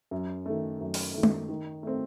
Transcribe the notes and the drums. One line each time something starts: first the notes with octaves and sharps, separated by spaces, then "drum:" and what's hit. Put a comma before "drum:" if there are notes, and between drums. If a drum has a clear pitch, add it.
F#2
D#3 A3
F#2
drum: open hi-hat
D#3 A3
drum: tom G#3
D#3
A3 C4